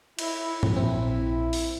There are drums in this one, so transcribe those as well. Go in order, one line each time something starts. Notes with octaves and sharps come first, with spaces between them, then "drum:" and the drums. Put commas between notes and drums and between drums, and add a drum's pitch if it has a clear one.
E4, drum: cymbal
drum: tom G#2
A#1 C4 E4
drum: open hi-hat